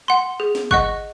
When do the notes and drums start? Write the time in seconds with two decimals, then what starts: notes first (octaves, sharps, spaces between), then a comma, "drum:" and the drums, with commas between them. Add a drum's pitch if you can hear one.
0.08 F#5 C6
0.40 G#4
0.55 drum: snare
0.71 D#5 F#5 C#6 F#6, drum: kick